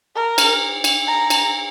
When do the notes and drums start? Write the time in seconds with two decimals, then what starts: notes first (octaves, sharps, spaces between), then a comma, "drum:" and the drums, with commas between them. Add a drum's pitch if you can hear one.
0.15 A#4
0.38 drum: cymbal
0.84 drum: cymbal
1.07 A#5
1.30 drum: cymbal